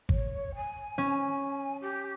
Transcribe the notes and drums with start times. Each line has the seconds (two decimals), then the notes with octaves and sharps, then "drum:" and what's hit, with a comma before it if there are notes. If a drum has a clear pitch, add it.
0.09 C#5, drum: kick G#1
0.54 G#5
0.98 C#4
1.81 G4